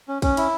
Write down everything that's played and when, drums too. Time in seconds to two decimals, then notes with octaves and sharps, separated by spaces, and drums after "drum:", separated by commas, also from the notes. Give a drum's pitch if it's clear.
0.08 C#4
0.22 C#4, drum: kick, cymbal
0.37 E4, drum: cymbal